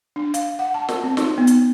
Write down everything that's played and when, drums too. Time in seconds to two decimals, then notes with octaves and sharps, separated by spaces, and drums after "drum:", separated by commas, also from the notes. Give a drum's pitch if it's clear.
0.16 D4
0.34 F5, drum: hi-hat
0.59 F#5
0.74 A5
0.89 A#4, drum: snare
1.04 C4
1.17 D#4, drum: snare
1.38 B3
1.47 drum: hi-hat